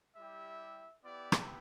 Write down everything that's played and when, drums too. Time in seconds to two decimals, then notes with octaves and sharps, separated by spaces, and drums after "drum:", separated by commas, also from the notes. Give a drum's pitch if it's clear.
0.16 G3 E4 G4 E5
1.04 B3 E4 G4 D5
1.32 drum: rim click